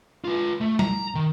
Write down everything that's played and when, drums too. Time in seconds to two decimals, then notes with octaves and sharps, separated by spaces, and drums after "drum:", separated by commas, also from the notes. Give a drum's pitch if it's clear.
0.24 F4 B4
0.61 A3
0.79 A#5, drum: tom G3
1.15 D#3